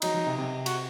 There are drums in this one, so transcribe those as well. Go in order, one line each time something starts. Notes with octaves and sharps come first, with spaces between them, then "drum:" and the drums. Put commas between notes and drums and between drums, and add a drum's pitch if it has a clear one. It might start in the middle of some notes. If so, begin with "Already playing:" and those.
F#3 D#4, drum: cymbal
F#3
C3
C3
F#4, drum: cymbal